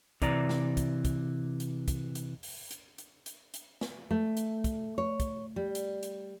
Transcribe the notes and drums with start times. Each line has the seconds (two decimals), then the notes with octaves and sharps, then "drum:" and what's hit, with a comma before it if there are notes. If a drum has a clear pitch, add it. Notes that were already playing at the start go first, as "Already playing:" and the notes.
0.22 C3 E3 D5 A#5, drum: kick, hi-hat
0.49 drum: snare
0.77 drum: kick, hi-hat
1.05 drum: kick, hi-hat
1.60 drum: hi-hat
1.88 drum: kick, hi-hat
2.15 drum: hi-hat
2.43 drum: open hi-hat
2.71 drum: hi-hat
2.98 drum: hi-hat
3.26 drum: hi-hat
3.54 drum: hi-hat
3.81 drum: snare
4.11 A3
4.37 drum: hi-hat
4.64 drum: kick, hi-hat
4.98 C#5
5.20 drum: kick, hi-hat
5.56 G3
5.75 drum: hi-hat
6.03 drum: hi-hat